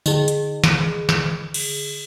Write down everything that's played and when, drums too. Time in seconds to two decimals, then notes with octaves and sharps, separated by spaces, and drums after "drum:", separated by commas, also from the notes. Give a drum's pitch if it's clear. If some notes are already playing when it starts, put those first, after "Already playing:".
0.06 D3 G#4, drum: tambourine
0.28 drum: hi-hat
0.64 drum: snare
1.09 drum: snare
1.54 drum: cymbal